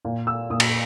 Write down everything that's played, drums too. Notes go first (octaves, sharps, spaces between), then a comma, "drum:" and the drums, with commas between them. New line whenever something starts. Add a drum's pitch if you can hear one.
A#2
E6
A#2 D#6
drum: cymbal